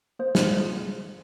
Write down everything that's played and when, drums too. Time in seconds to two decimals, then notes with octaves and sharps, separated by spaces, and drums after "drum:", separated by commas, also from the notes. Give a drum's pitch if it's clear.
0.19 A#3 C5
0.35 drum: snare
0.59 F4 G#4